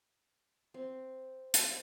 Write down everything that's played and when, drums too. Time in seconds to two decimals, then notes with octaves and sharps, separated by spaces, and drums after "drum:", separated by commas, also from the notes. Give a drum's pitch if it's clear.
0.74 C4
1.54 drum: hi-hat